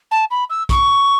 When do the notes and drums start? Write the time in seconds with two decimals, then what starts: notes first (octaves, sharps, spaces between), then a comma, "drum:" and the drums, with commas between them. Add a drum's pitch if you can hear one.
0.11 A5
0.30 B5
0.50 E6
0.69 C#6, drum: kick, hi-hat